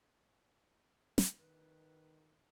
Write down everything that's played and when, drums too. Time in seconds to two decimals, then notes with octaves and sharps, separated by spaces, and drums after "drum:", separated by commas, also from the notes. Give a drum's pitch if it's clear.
1.18 drum: snare
1.39 D#3 B4